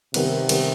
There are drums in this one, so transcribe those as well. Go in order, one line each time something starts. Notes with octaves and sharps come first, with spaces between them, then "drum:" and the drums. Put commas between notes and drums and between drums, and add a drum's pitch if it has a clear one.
C3 D#3 G3 B3, drum: cymbal
D#3 G3 B3, drum: cymbal